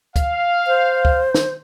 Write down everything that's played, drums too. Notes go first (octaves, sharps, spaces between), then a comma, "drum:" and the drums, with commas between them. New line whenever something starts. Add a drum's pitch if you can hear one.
F5, drum: kick D2, hi-hat
C5
drum: kick D2
drum: snare